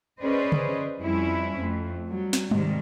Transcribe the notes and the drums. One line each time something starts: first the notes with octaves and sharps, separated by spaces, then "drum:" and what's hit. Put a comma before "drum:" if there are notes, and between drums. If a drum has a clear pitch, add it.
C#4 G#4 B4 C5 D5 D#5
drum: tom C#3
F2 F3 G3 C#4 E4
F2 A3
F#3 G3
drum: snare
G#2 C3 D#3 G3 G#3, drum: tom G3